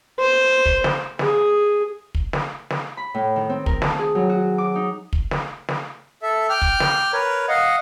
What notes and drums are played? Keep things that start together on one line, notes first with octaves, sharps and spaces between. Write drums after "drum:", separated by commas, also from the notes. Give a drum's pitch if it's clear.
C5
drum: kick
drum: snare
G#4, drum: snare
drum: kick
drum: snare
drum: snare
B5
A2
D#3
C4
A#4, drum: kick
A5, drum: snare
G#4
F#3
F#4
D6
D#4
drum: kick
drum: snare
drum: snare
A4 E5
G5 D6 F6
drum: kick
drum: snare
A#4 B4 C#5
D#5 F5 F#5